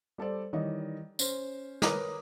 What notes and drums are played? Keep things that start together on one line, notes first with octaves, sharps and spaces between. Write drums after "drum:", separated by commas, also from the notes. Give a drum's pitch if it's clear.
G3 A4 C5 D5
D#3 E3 G3 C#5 D#5
C#4 C5, drum: tambourine
A#4 B4 C#5 A#5 D6 D#6, drum: snare